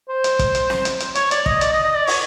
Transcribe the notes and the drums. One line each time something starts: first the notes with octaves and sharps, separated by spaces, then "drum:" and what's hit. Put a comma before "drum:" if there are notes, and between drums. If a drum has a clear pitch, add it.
C5
drum: hi-hat
drum: kick, hi-hat
drum: hi-hat
drum: snare
drum: hi-hat
drum: hi-hat
C#5, drum: hi-hat
D5, drum: hi-hat
D#5, drum: kick
D5, drum: hi-hat
D#5
D#5
D5
C#5, drum: open hi-hat